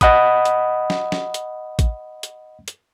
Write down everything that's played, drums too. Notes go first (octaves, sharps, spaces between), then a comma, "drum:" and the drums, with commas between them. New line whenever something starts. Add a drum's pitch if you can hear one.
D#5 F#5 B5 D#6, drum: kick, hi-hat
drum: hi-hat
drum: snare
drum: snare
drum: hi-hat
drum: kick, hi-hat
drum: hi-hat
drum: hi-hat